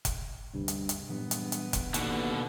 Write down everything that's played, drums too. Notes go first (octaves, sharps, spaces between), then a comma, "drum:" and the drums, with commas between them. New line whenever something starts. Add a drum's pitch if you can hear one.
drum: kick F1, hi-hat
G1 D2 G2 C3
drum: hi-hat
drum: hi-hat
G2 A#2 E3 F#3 B3
drum: hi-hat
drum: hi-hat
drum: kick F1, hi-hat
D#2 B2 D3, drum: hi-hat